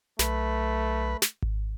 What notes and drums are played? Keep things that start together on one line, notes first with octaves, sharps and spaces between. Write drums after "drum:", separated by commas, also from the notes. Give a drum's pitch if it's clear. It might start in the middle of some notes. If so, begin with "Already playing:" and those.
B1 A3 B4, drum: snare
drum: snare
drum: kick G#1